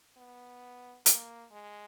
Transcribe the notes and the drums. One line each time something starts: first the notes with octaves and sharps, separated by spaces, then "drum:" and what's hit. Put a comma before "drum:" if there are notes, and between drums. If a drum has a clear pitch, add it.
B3
A#3, drum: hi-hat
G#3